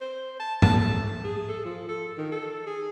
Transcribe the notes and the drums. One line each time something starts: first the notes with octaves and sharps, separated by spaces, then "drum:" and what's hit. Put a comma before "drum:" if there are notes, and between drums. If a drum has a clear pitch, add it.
C5
A5
A5, drum: tom G#2
A3
G#4
A4
F3
A4
D#3
A4
G#4